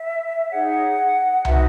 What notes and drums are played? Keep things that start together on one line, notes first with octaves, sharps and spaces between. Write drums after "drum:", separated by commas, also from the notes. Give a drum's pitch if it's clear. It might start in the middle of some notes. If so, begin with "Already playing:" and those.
Already playing: E5
D#4 G#4 C#5 F#5
D#4 F#4 B4 E5, drum: tom C2